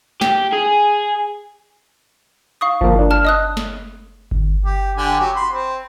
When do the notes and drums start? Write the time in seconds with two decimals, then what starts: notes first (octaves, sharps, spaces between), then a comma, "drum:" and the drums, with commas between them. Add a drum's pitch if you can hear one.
0.21 G4, drum: snare
0.52 G#4
2.61 F5 C#6 D#6
2.81 F3 A#3, drum: kick G1
2.99 D4
3.11 A5 F6
3.25 D#5 D#6 F#6
3.57 drum: snare
4.31 drum: kick G1
4.65 G4
4.97 D3 G4 G#5
5.19 F#3 G4
5.36 B5 C6
5.51 C4